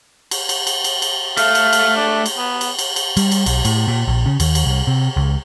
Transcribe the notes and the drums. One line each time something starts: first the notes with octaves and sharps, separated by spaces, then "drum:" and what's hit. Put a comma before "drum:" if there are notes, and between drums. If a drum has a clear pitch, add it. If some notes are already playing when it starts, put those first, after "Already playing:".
drum: cymbal
drum: cymbal
drum: cymbal
drum: cymbal
drum: cymbal
A3 F5, drum: cymbal
drum: cymbal
drum: cymbal
D4
drum: cymbal
B3
drum: cymbal
drum: cymbal
drum: cymbal
G3, drum: cymbal
drum: cymbal
B1, drum: cymbal
A2, drum: cymbal
A#2
A#1
C#3
D#2, drum: cymbal
drum: cymbal
C2
C3
C#2